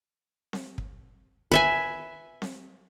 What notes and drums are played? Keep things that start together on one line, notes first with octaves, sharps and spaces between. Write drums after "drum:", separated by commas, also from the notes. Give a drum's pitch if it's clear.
drum: snare C4
drum: kick
B4 E5 G#5, drum: kick
drum: snare C4